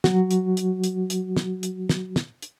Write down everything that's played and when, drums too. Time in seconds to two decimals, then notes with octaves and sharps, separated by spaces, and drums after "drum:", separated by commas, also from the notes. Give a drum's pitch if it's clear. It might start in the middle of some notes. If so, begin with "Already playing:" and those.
0.04 F#3 F#4, drum: snare
0.31 drum: hi-hat
0.57 drum: hi-hat
0.84 drum: hi-hat
1.10 drum: hi-hat
1.37 drum: snare
1.63 drum: hi-hat
1.89 drum: snare
2.16 drum: snare
2.42 drum: hi-hat